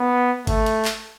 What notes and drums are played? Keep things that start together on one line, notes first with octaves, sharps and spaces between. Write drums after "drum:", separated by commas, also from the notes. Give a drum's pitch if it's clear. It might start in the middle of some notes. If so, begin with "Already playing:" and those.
Already playing: B3
A3, drum: kick, cymbal
drum: cymbal
drum: clap